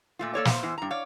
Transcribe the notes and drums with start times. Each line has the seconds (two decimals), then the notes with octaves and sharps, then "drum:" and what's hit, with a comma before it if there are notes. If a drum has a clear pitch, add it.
0.19 A#2 A3 F4
0.34 A#3 A4 C#5 D5
0.45 C5 F5, drum: snare
0.63 E2 E3 C5
0.78 G2 A#5
0.90 C#5 D5 F5